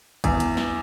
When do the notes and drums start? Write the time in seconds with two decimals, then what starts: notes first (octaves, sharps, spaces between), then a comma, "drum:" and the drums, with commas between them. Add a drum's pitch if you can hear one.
0.24 E2, drum: kick G1, hi-hat
0.40 drum: hi-hat
0.57 drum: snare